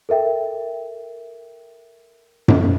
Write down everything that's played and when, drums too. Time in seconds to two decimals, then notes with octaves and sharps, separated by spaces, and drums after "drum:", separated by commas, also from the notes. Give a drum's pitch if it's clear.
0.09 A4 A#4 E5 G5
2.48 drum: tom F#2